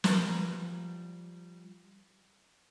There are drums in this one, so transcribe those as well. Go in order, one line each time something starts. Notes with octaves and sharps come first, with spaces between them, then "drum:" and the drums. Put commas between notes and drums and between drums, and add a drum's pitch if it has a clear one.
F3 G3 A#4 B4, drum: snare